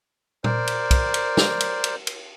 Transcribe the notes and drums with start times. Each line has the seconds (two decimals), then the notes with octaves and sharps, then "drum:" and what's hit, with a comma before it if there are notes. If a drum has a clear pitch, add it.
0.44 A#4 C5 D5, drum: tom A#2
0.67 drum: cymbal
0.91 drum: kick B1, cymbal
1.14 drum: cymbal
1.37 drum: snare
1.60 drum: cymbal
1.84 drum: cymbal
2.07 drum: cymbal